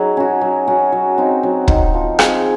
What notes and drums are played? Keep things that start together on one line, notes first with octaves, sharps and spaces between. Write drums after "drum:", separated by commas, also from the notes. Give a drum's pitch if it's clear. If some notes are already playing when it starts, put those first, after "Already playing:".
Already playing: F#3 D#4 G#4
C#4 F#4
F#3
C#4 F#4
F#3
C4 D#4
F#3
C4 D#4, drum: kick
F3
C4 F4 G#4, drum: rim click